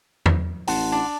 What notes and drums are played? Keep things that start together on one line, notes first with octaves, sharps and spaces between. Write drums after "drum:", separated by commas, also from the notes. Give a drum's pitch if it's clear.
drum: tom E2
A1 F#5 A5 C6, drum: open hi-hat
D4